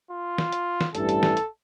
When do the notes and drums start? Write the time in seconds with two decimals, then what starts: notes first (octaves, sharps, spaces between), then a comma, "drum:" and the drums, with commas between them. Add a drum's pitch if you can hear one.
0.10 F4
0.38 drum: snare
0.52 drum: hi-hat
0.81 drum: snare
0.95 A1 G2 E3 G3 A4, drum: hi-hat
1.09 drum: hi-hat
1.23 drum: snare
1.37 drum: hi-hat